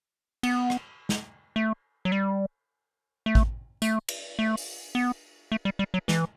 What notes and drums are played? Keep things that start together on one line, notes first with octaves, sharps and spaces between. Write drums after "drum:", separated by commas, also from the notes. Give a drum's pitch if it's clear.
B3, drum: cymbal
drum: rim click
drum: snare
A3
F#3
G3
A3
drum: kick A1
A3, drum: tambourine
drum: cymbal
A3
drum: open hi-hat
B3
A3
G3
G3
F#3
E3, drum: snare